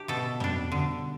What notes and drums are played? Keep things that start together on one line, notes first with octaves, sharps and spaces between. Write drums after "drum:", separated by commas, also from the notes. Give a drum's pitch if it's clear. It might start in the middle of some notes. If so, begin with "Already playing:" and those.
Already playing: D4 G4
B2 A4
G3 D4, drum: tom
D3